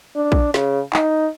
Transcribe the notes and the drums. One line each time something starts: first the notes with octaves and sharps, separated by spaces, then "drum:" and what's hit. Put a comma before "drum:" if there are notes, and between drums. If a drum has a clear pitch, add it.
D4
drum: kick
C#3, drum: snare
D#4, drum: clap